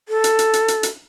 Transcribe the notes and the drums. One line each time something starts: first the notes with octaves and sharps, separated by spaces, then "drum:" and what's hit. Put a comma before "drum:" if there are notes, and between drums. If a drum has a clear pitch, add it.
A4
drum: hi-hat
drum: hi-hat
drum: hi-hat
drum: hi-hat
drum: hi-hat